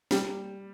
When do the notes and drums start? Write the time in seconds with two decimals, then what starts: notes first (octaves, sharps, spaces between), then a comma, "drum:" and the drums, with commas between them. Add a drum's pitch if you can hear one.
0.11 G3, drum: snare